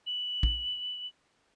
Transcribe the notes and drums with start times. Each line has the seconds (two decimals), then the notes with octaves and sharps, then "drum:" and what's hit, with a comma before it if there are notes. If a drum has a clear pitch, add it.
0.06 F#7
0.43 drum: kick